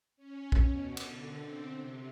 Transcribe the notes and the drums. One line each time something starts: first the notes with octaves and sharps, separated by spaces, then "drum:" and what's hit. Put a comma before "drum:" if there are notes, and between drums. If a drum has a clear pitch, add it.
C#4
drum: kick
B2
D3, drum: cymbal
C4
C3